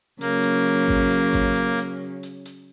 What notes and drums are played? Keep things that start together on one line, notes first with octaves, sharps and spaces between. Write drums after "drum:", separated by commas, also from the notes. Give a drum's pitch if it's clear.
C#3 F#3 A#3, drum: hi-hat
drum: hi-hat
drum: hi-hat
drum: kick A1
drum: hi-hat
drum: kick A1, hi-hat
drum: hi-hat
drum: hi-hat
drum: hi-hat
drum: hi-hat